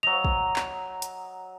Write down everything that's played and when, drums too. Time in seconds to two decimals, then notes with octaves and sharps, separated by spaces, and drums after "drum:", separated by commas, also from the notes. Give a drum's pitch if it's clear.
0.03 F#3 D#5 F7
0.25 drum: kick
0.56 drum: clap
1.02 drum: hi-hat